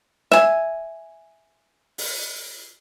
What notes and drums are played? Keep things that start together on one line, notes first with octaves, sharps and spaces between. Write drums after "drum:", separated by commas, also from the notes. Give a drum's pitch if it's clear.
E5 G#5, drum: snare
drum: open hi-hat